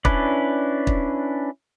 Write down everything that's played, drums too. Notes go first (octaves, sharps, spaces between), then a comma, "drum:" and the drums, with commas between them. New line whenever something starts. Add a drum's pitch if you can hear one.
C#4 D4 E4 B4 D5, drum: kick
drum: kick